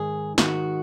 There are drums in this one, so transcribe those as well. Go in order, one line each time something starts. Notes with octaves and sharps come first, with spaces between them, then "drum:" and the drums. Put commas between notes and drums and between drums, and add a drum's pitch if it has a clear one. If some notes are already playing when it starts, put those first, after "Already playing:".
Already playing: G#2 D#3 G#4
G#2 D#3 F#4, drum: snare